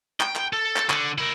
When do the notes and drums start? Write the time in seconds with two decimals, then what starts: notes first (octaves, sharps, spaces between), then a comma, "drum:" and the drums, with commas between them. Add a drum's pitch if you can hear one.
0.20 G5, drum: clap
0.36 drum: clap
0.53 A4
0.76 drum: clap
0.90 D3, drum: clap
1.18 E4 A#4